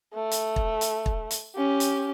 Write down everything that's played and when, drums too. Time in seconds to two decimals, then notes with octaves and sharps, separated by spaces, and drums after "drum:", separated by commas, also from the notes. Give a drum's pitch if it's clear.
0.14 A3
0.31 drum: hi-hat
0.56 drum: kick
0.81 drum: hi-hat
1.06 drum: kick
1.31 drum: hi-hat
1.55 C#4 G4
1.80 drum: hi-hat